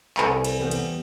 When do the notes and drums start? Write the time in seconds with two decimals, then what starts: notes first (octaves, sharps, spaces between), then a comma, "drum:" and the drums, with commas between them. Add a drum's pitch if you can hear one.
0.18 C2 A4 B4 G#5, drum: clap
0.44 drum: cymbal
0.59 E2 G3 B3
0.71 drum: cymbal